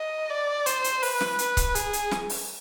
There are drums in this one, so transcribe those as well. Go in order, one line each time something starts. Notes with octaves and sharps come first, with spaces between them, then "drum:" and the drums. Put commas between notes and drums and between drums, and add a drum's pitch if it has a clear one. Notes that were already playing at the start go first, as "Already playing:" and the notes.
Already playing: D#5
D5
C5, drum: hi-hat
drum: hi-hat
B4, drum: open hi-hat
drum: snare
B4, drum: hi-hat
drum: kick C#1, hi-hat
G#4, drum: hi-hat
drum: hi-hat
drum: snare
drum: open hi-hat